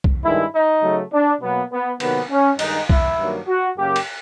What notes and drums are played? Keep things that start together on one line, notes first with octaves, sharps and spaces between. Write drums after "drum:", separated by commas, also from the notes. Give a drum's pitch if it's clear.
drum: kick
G2 D#3 G#3 E4
D#4
C#3 F#3 A3
D4
B2 F#3 A#3 B3
B3
C3 D#3 F#3 A#3 B3, drum: cymbal
C#4
G2 D#3 G#3 D#4, drum: cymbal
E4, drum: kick
G2 D#3 F#3 A#3
F#4
F#2 C#3 F#3 A#3 G4
drum: cymbal